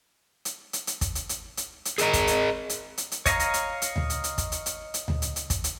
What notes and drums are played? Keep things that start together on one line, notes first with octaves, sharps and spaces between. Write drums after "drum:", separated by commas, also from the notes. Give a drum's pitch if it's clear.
drum: hi-hat
drum: hi-hat
drum: hi-hat
drum: kick, hi-hat
drum: hi-hat
drum: hi-hat
drum: hi-hat
drum: hi-hat
G#4 A#4 D#5 A#5, drum: hi-hat
drum: kick, hi-hat
drum: hi-hat
drum: hi-hat
drum: hi-hat
drum: hi-hat
C#5 D#5 F5 A#5, drum: kick, hi-hat
drum: hi-hat
drum: hi-hat
drum: hi-hat
drum: tom D2
drum: hi-hat
drum: hi-hat
drum: kick, hi-hat
drum: hi-hat
drum: hi-hat
drum: hi-hat
drum: tom D2
drum: hi-hat
drum: hi-hat
drum: kick, hi-hat
drum: hi-hat